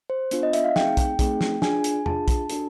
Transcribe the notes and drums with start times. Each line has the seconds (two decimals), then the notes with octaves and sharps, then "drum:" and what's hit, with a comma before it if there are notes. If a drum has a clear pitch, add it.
0.10 C5
0.31 B3 D4 F4, drum: hi-hat
0.43 D#5
0.53 E5, drum: hi-hat
0.64 F5
0.76 A3 C4 D#4 G#4 G5, drum: snare
0.97 drum: kick, hi-hat
1.19 A3 C4 D#4 G#4, drum: kick, hi-hat
1.41 drum: snare
1.62 D4 F4 G#4 G#5, drum: snare
1.84 drum: hi-hat
2.06 D4 F4 G#4 A5, drum: tom E2
2.28 drum: kick, hi-hat
2.50 D4 F#4 A4, drum: hi-hat